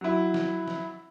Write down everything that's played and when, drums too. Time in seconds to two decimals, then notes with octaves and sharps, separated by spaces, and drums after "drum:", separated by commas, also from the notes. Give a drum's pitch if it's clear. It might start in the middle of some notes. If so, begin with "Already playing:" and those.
0.01 F#3 E4
0.34 drum: snare
0.68 drum: snare